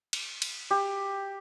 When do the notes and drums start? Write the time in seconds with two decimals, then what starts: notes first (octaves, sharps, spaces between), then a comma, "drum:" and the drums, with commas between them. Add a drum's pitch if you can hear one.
0.13 drum: cymbal
0.42 drum: cymbal
0.71 G4